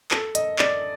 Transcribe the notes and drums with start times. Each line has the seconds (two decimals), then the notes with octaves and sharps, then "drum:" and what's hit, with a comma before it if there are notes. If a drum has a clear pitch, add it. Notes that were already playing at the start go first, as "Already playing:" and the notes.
0.11 A4, drum: clap
0.35 D#5, drum: hi-hat
0.59 D5, drum: clap